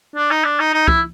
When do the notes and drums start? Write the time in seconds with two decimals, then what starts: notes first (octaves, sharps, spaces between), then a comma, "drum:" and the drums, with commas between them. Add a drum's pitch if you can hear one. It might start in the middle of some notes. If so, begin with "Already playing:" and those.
0.16 D4
0.31 D#4
0.45 D4
0.60 D#4
0.74 D#4
0.88 E4, drum: kick